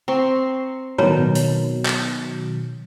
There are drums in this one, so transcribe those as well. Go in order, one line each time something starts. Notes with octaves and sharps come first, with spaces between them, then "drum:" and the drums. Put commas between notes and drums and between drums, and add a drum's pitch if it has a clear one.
C4 A#5 C#6 C7
B2 D#3 F#3 C#5 A#5, drum: tom
drum: hi-hat
drum: clap